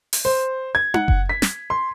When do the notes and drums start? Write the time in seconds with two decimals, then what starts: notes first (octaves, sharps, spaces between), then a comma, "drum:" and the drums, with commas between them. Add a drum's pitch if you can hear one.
0.13 drum: open hi-hat
0.25 C5
0.75 G#6
0.94 F#5, drum: tom D#4
1.08 drum: kick F#1
1.29 B6
1.42 drum: snare
1.70 C6